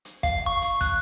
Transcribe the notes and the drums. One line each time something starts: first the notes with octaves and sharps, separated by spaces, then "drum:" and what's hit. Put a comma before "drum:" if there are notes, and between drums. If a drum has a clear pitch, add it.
drum: hi-hat
F5, drum: kick, hi-hat
C#6
drum: hi-hat
F#6, drum: kick, hi-hat